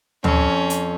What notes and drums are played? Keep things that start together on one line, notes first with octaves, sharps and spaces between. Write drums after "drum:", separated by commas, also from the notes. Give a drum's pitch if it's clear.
F2 C#4, drum: tom
drum: hi-hat